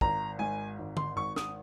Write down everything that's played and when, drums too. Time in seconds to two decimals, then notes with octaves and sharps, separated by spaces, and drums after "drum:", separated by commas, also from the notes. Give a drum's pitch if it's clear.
0.01 G#1 A#5, drum: kick
0.39 G#2 G#5
0.79 G#1
0.97 C6, drum: tom D3
1.16 G#1 C#6
1.36 D#6, drum: snare